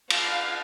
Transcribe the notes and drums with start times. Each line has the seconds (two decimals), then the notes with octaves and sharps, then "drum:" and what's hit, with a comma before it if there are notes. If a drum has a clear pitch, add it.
0.10 F5, drum: cymbal